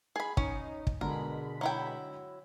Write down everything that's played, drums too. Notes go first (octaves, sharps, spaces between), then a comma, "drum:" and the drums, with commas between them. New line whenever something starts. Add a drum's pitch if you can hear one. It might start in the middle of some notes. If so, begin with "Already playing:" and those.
G#4 B5
C#4 D#4, drum: kick
drum: kick
B2 D3 G#3 A#4 B5
F#3 E4 G5